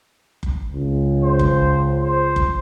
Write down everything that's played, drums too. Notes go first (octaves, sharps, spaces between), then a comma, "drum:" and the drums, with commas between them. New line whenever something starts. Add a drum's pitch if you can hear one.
drum: kick F#1
C#2
C5
drum: kick F#1
C5
drum: kick F#1